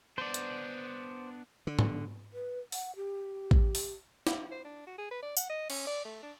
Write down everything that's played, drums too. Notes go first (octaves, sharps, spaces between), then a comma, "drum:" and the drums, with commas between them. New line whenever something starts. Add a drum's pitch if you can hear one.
B3 D4 C5 D5
drum: hi-hat
D3
drum: tom G#2
B4
F#5, drum: open hi-hat
G4
drum: kick A1
drum: open hi-hat
drum: snare
C5
D4
F#4
G#4
B4
D5
F#5, drum: tambourine
D#5
C#4, drum: cymbal
D5
A3
D4